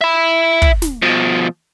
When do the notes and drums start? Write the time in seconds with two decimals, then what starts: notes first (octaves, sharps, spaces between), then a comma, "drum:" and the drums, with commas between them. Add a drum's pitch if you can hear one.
0.01 E5 B5
0.62 drum: kick
0.82 drum: snare
1.02 B2 F3